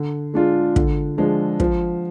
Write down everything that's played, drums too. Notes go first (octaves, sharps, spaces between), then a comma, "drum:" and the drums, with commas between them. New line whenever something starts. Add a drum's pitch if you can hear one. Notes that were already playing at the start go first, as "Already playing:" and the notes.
Already playing: D3
G#3 D4 F4
D3, drum: kick
F3 G#3 D4
F3, drum: kick